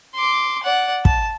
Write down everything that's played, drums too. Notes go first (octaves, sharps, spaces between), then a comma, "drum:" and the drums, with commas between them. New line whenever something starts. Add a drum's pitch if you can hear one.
C6 D6
D5 F#5
A5, drum: kick